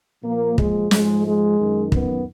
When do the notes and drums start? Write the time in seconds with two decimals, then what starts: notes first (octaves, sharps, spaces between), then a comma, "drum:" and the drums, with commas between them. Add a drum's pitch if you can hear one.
0.24 A#2 F3 A#3
0.58 G#3, drum: kick
0.91 G#2 F3 G#3, drum: snare
1.25 G#3
1.59 F#2 D#3
1.92 B3, drum: kick